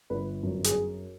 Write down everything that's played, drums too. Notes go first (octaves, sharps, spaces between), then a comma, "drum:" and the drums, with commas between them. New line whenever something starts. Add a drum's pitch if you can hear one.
G1 B4
F#2
G#4, drum: hi-hat